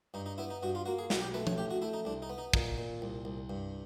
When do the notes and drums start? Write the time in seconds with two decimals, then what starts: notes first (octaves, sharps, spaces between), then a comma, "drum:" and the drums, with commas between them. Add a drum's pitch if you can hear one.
0.14 G2 D#4
0.26 D#4
0.38 B3 E4
0.50 D#4
0.63 G2 F#4
0.75 F4
0.86 A#3 F#4
0.99 G#4
1.10 B1 F#4, drum: snare
1.22 G4
1.34 A3 B4
1.47 C#5, drum: tom F3
1.58 A1 G4
1.71 F#4
1.82 A3 E4
1.93 D#4
2.05 C2 D4
2.22 D#4
2.30 B3
2.38 D#4
2.54 A#2 D#4, drum: kick
2.78 A#2
3.02 C2
3.25 C2
3.50 G2